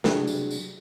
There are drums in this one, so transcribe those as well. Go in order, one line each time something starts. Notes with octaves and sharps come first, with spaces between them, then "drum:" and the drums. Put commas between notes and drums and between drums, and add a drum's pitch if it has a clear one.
C2 F#3 D4 G4 G#4, drum: snare
drum: tambourine
drum: tambourine